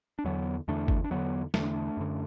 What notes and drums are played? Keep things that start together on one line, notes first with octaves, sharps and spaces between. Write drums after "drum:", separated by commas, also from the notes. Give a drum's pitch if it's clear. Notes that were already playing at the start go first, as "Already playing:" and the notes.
D4
E2 D3 F#3 B3
E2 D3 A3 D4
drum: kick G1
D4
E2 D3 F#3 B3
E2 D3 A3 D4, drum: snare
F#2 D3